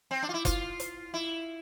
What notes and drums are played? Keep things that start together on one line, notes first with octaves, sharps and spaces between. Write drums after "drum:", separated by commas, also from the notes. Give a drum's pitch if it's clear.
C4
D4
F4
E4
F4, drum: kick F#1, hi-hat
drum: hi-hat
E4